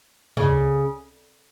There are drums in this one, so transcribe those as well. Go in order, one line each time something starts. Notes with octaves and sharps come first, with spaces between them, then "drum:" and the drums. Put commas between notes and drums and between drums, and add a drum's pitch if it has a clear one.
C#3, drum: tom